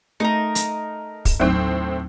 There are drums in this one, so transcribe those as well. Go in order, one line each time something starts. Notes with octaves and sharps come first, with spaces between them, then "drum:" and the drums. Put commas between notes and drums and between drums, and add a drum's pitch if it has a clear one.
A3 D#4 A#4 D#5
drum: hi-hat
drum: kick, open hi-hat
D#2 A2 F#3 C4 D#4